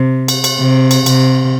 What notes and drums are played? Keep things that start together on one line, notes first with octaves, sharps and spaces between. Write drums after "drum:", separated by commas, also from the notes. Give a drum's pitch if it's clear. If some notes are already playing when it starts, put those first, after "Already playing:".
Already playing: C3
drum: cymbal
drum: cymbal
C3
drum: cymbal
C3, drum: cymbal